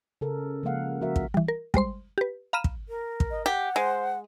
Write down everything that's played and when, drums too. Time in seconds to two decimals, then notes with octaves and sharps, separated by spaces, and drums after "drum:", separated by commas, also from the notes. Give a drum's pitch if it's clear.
0.21 C#3 A4 A#4
0.63 C#3 F3 G#3 A#3 F5 F#5
1.01 F3 F#4 A#4 E5
1.16 drum: kick
1.34 E3 G3
1.48 A#4
1.74 G3 G#3 C5 C6, drum: kick
2.18 G4 B4
2.53 F5 A#5 B5 F6 D#7 E7
2.64 drum: kick
2.89 A#4
3.20 drum: kick
3.31 D#5
3.46 G4 F#5
3.76 G#3 C5